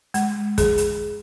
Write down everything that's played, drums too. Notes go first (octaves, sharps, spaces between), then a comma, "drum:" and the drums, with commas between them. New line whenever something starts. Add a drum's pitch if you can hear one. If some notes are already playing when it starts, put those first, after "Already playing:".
G#3, drum: hi-hat
G#4, drum: kick, hi-hat
drum: hi-hat